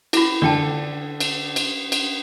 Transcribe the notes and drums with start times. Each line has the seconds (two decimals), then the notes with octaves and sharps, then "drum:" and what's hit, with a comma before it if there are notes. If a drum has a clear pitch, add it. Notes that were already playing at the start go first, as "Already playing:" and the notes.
0.13 E4 F4, drum: cymbal
0.42 D3 D5 G5 A5
1.20 drum: cymbal
1.56 drum: cymbal
1.92 drum: cymbal